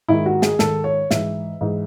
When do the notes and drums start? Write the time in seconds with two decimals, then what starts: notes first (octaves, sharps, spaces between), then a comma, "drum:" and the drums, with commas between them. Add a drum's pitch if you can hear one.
0.08 G#2 D#3 E4
0.26 F#4
0.42 G#4, drum: snare
0.59 G#2 D#3 A4, drum: snare
0.84 C#5
1.11 G#2 E3 E5, drum: snare
1.61 G#2 E3